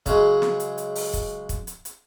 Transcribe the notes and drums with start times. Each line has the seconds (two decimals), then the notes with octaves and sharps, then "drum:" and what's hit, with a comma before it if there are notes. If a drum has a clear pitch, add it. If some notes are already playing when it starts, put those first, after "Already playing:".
0.06 C#3 F#3 G#3, drum: kick, hi-hat
0.42 drum: snare
0.60 drum: hi-hat
0.78 drum: hi-hat
0.95 drum: open hi-hat
1.13 drum: kick, hi-hat
1.49 drum: kick, hi-hat
1.67 drum: hi-hat
1.85 drum: hi-hat